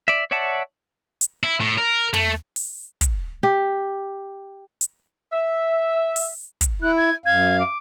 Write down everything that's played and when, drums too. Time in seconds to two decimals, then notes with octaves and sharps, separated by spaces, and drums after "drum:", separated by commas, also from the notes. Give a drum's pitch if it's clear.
0.08 D5 E5
0.31 C#5 D5 E5 F#5 A5
1.21 drum: hi-hat
1.43 E4
1.61 A2
1.78 A#4
2.14 A3, drum: tom
2.56 drum: open hi-hat
3.01 drum: kick, hi-hat
3.43 G4
4.81 drum: hi-hat
5.32 E5
6.16 drum: open hi-hat
6.61 drum: kick, hi-hat
6.82 E4 F#6
6.97 G#6
7.26 F#2 F5 G#6
7.60 D6